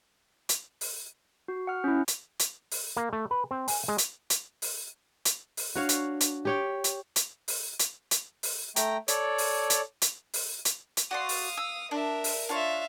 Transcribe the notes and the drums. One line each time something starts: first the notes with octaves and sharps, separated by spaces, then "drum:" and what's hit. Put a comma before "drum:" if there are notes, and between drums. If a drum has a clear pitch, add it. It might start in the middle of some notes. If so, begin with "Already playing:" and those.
drum: hi-hat
drum: open hi-hat
F#4
F#5 F6
C#4 E4
drum: hi-hat
drum: hi-hat
drum: open hi-hat
A#3
A3
B4
C4
G#5, drum: open hi-hat
G#3
drum: hi-hat
drum: hi-hat
drum: open hi-hat
drum: hi-hat
drum: open hi-hat
D4 F#4 C#5 F5
drum: hi-hat
drum: hi-hat
G4 C#5 G5
drum: hi-hat
drum: hi-hat
drum: open hi-hat
drum: hi-hat
drum: hi-hat
drum: open hi-hat
A3 G5 A#5, drum: hi-hat
A4 C#5 D5, drum: hi-hat
drum: open hi-hat
drum: hi-hat
drum: hi-hat
drum: open hi-hat
drum: hi-hat
drum: hi-hat
F#4 D5 F5 C6 D#6
drum: open hi-hat
E6
D4 A#4 E5
drum: open hi-hat
D4 F4 C#5 E5 F5